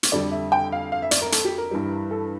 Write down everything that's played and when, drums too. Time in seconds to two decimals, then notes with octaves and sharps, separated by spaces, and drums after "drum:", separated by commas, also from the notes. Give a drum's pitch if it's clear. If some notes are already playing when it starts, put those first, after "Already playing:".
0.03 drum: hi-hat
0.12 F2 D3 G3 D5
0.31 E5
0.52 G5
0.72 F5
0.92 F5
1.02 E5
1.11 D5, drum: hi-hat
1.22 A#4
1.32 A4, drum: hi-hat
1.45 G4
1.58 A#4
1.71 G2 E3 G3
2.11 A4